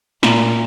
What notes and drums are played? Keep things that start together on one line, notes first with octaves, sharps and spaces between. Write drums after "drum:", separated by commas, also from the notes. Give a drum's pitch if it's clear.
A#2, drum: snare